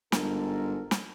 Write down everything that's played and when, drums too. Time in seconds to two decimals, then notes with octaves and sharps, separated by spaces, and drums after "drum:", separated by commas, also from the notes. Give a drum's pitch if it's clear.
0.12 G1 G#2 A4 A#4, drum: snare
0.91 drum: snare